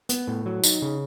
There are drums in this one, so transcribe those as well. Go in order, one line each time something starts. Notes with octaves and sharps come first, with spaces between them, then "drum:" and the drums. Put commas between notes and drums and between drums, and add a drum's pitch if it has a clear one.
B3, drum: hi-hat
A2
F#3
D#4, drum: tambourine
C#3